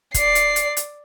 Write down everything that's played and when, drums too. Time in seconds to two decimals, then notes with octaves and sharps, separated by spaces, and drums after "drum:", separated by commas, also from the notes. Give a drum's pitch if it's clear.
0.14 D5 C7, drum: kick, hi-hat
0.35 drum: hi-hat
0.56 drum: hi-hat
0.77 drum: hi-hat